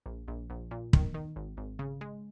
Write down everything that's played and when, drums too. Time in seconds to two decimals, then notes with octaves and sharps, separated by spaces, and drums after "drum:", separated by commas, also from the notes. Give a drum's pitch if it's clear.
0.06 A#1
0.28 A#1
0.50 A#1
0.71 A#2
0.93 D#3, drum: kick
1.14 D#3
1.36 G#1
1.57 G#1
1.79 C#3
2.01 G#3